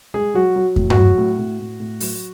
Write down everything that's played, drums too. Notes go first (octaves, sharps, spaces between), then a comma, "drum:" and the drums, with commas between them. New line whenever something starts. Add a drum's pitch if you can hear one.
G#3 G#4
F#3 F#4
F#3
A2, drum: kick E2
F#4, drum: tom G2
F#3
A2
A2
A2
A2
F#3, drum: open hi-hat